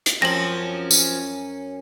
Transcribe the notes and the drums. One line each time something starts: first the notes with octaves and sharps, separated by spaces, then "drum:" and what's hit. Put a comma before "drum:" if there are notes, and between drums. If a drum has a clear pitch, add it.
drum: hi-hat
F#2 F3 C4 C#4 A#6 F#7
drum: tambourine